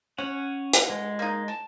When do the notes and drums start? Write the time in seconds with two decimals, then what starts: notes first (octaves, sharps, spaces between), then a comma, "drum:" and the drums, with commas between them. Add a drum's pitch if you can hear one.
0.18 C#4 C#5 F#5
0.73 B2, drum: hi-hat
0.90 G#3
1.19 A#3 D#4
1.48 A5